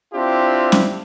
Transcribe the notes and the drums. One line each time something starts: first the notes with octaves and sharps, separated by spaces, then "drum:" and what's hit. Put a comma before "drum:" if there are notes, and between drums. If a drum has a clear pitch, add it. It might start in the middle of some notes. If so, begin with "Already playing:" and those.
C4 D4 E4 F4 G4
drum: snare C#4